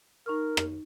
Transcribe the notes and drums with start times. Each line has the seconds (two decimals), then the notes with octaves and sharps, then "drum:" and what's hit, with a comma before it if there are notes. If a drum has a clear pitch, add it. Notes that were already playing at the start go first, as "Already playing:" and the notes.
0.26 D#4 A#4 C#6 F6
0.57 drum: rim click